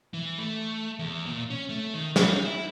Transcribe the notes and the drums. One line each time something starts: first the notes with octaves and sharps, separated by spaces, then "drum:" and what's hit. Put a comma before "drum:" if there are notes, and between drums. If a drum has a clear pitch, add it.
E3
A3
E2
A#2
C#4
A3
D#3
D#4, drum: snare
E4